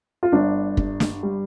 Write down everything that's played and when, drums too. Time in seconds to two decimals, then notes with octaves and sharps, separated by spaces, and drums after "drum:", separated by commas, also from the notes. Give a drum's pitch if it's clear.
0.23 F4
0.32 G1 D4
0.77 G2, drum: kick
1.00 drum: snare
1.23 G3